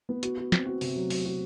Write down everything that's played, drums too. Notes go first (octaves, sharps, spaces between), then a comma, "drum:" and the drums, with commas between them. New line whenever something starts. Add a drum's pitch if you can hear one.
B3
F#4, drum: hi-hat
F#4
C4, drum: snare
F#4
C3, drum: open hi-hat
F#3
F#3, drum: open hi-hat
F#4